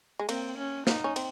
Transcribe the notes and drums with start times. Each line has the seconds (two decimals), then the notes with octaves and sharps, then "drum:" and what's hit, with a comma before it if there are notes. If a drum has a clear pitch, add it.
0.19 G#3
0.29 A#3 C4, drum: cymbal
0.58 C#4
0.87 D#4, drum: snare
1.04 C#4
1.16 C4, drum: cymbal